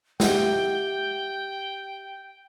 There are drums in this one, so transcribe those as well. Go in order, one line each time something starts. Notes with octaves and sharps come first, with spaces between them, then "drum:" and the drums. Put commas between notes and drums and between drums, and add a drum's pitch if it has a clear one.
G4 E5 F#5 G5, drum: snare